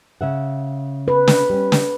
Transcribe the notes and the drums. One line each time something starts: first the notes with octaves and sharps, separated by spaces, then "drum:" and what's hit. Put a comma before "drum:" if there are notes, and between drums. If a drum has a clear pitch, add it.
C#3 E5 F#5
B4
drum: snare
G3 C#4
drum: snare